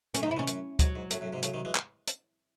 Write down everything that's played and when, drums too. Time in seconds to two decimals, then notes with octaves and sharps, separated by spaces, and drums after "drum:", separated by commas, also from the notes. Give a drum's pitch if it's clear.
0.14 F#2 A2 C#4, drum: hi-hat
0.23 D#4
0.26 G#2 C3
0.31 E4
0.37 C3 D#3 C#4
0.47 F#2, drum: hi-hat
0.79 G#2 F#3, drum: kick D2, hi-hat
0.95 G#2
1.10 F#2 A2, drum: hi-hat
1.21 F#2 A2
1.33 G#2 C3
1.43 A2 C#3, drum: hi-hat
1.54 C3 D#3
1.65 E3 G#3
1.75 drum: clap
2.07 drum: hi-hat